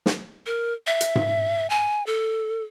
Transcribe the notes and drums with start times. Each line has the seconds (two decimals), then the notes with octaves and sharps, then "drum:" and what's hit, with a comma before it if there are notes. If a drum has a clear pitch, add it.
0.06 drum: snare
0.46 A#4
0.87 E5
1.01 drum: hi-hat
1.15 drum: tom G#2
1.70 G#5
2.07 A4